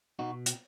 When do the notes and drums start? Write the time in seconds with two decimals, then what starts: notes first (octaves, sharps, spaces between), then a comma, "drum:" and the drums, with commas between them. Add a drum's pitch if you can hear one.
0.19 B2 D#4 F#4
0.46 drum: hi-hat